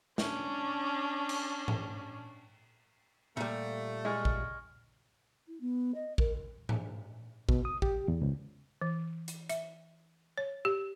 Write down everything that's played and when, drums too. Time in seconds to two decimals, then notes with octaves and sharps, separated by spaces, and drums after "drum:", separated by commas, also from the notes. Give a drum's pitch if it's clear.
0.18 C#4 D4, drum: snare
1.29 drum: cymbal
1.68 drum: tom G#2
3.37 A#2 G3 A3
4.05 G#3 C#6 F6 A6
4.25 drum: kick A1
5.46 E4
5.60 B3
5.94 D#5
6.18 A#4, drum: kick A1
6.69 drum: tom G#2
7.49 B2, drum: kick A1
7.65 D#6
7.82 G4, drum: kick A1
8.08 E2
8.21 C#2
8.81 E3
9.28 drum: hi-hat
9.49 E5, drum: hi-hat
10.38 C#5
10.65 G4